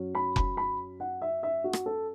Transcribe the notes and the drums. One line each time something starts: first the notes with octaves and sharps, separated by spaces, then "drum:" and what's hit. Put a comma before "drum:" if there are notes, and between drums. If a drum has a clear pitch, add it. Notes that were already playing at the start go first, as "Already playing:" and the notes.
Already playing: F#2 F#3 C#4
B5
B5, drum: kick F1
B5
F#5
E5
E5
F#4
drum: rim click
A4